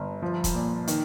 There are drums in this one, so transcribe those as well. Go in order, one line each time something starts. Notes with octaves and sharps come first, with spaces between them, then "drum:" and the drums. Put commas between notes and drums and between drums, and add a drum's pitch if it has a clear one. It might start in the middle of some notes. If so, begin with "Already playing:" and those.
Already playing: G1
F3
drum: kick E1, hi-hat
A#2
D#3, drum: hi-hat